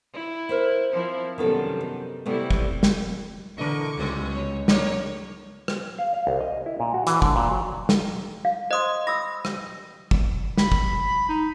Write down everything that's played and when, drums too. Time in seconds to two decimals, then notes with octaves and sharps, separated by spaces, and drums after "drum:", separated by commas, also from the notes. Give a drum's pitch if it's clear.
0.14 E4
0.49 A#4 C5 E5
0.92 F3 C4 E4
1.38 F#2 C3 D#3 G3 B3 A4
1.81 D#4
2.26 C3 G3 A3 B3 E4
2.50 drum: kick
2.83 drum: snare
3.58 D3 E3 A#4 D#5 C#6 D6
3.97 C#2 A2 F#3 B3
4.34 C#5
4.68 A3 D4 A#4 C#5, drum: snare
5.68 drum: rim click
5.98 F5
6.14 F5
6.27 C2
6.41 D#5
6.66 E4
6.80 A#2
6.94 F#4
7.07 E3, drum: hi-hat
7.22 D3, drum: kick
7.36 A#2
7.51 F#3
7.89 drum: snare
8.45 F5
8.71 C5 D#5 C6 D#6
9.07 B5 D#6 E6 A#6
9.45 drum: rim click
10.11 drum: kick
10.58 B5, drum: snare
10.72 drum: kick
11.29 D#4